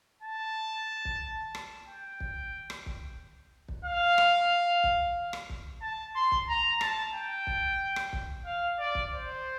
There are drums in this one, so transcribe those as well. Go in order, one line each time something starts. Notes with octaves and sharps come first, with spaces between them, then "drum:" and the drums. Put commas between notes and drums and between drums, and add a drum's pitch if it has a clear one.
A5
drum: kick
drum: rim click
G5
drum: kick
drum: rim click
drum: kick
drum: kick
F5
drum: rim click
drum: kick
drum: rim click
drum: kick
A5
C6
drum: kick
A#5
A5, drum: rim click
G5
drum: kick
drum: rim click
drum: kick
F5
D5
drum: kick
C5